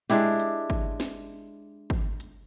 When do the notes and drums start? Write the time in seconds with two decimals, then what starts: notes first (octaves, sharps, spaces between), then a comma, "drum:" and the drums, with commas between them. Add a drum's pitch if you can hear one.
0.10 G#3 D4 E4 G4, drum: snare
0.40 drum: hi-hat
0.70 drum: kick
1.00 drum: snare
1.90 drum: kick
2.20 drum: hi-hat